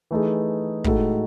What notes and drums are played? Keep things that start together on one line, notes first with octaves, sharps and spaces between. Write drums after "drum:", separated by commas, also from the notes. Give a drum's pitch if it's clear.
E3 A3 D#4 G#4
A2 G#3 D#4 F#4 A4, drum: kick